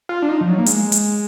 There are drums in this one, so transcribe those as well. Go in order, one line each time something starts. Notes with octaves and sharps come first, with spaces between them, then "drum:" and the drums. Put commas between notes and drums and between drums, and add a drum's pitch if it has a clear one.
F4
D4
D#4
F3
F#3
A#3
G#3, drum: hi-hat
drum: hi-hat